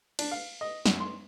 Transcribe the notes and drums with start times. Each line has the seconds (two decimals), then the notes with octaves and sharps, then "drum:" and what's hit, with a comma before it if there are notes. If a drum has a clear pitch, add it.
0.19 D4, drum: cymbal
0.31 F5
0.61 D#5
0.86 F#2, drum: snare
1.00 C6